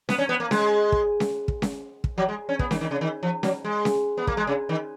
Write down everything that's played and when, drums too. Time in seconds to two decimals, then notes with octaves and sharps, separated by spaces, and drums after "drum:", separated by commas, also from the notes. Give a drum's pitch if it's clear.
0.09 B3, drum: snare C#4
0.19 C#4
0.29 B3
0.40 A#3
0.51 G#3, drum: snare C#4
0.92 drum: kick
1.20 drum: snare C#4
1.48 drum: kick
1.62 drum: snare C#4
2.04 drum: kick
2.18 F#3
2.29 G#3
2.49 C#4
2.59 B3, drum: kick
2.71 D#3, drum: snare C#4
2.81 D#3
2.91 C#3
3.01 D#3
3.23 F3
3.43 F#3, drum: snare C#4
3.65 G#3
3.85 drum: snare C#4
4.17 B3
4.27 A#3, drum: kick
4.37 G#3
4.47 C#3
4.69 D#3